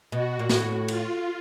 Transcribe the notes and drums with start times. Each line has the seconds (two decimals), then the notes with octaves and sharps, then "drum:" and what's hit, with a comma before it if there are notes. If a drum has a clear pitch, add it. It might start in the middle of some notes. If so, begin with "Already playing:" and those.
0.12 B2 F#4
0.39 A#2
0.49 A2, drum: snare
0.88 F4, drum: cymbal